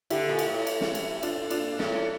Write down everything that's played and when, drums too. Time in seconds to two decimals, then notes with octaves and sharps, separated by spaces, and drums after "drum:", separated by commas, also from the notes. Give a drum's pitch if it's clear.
0.10 D3 E4 G4, drum: cymbal
0.29 A#2
0.39 drum: cymbal
0.48 A2
0.67 drum: cymbal
0.81 drum: snare
0.95 drum: cymbal
1.23 D4 F4, drum: cymbal
1.50 D4 F4, drum: cymbal
1.79 A2, drum: snare